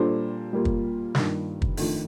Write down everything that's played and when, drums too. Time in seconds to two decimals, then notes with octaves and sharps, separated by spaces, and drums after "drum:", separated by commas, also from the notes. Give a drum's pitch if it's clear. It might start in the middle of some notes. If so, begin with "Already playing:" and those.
Already playing: A#2 G3 D4 A4 C5
0.52 A#2 G3 A#3 F4
0.65 drum: kick
1.15 G2 D#3 A#3 D4 F4, drum: snare
1.62 drum: kick
1.77 F2 D#3 A3 D4, drum: open hi-hat